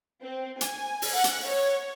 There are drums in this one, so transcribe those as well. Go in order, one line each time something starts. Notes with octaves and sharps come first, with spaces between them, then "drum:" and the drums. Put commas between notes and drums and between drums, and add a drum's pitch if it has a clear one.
C4
G#5, drum: hi-hat
drum: open hi-hat
F#5
drum: hi-hat
C#5